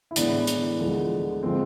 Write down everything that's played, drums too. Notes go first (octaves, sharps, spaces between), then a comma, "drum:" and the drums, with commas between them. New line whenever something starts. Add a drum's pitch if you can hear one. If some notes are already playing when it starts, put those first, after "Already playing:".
E4
A2 E3 G#3 B3 D4, drum: hi-hat
drum: hi-hat
D2 D3 F3 G#3
D3 F3 G#3 C4